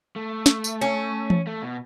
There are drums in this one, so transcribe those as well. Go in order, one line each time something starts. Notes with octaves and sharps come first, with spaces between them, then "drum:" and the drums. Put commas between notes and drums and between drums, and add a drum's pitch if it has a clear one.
A3
drum: snare
drum: tambourine
C#4
drum: tom E3
A3
B2